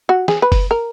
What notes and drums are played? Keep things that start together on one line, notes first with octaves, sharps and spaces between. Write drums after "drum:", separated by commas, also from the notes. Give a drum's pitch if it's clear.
F#4
G#4, drum: snare
B4
drum: kick F#1, open hi-hat
A#4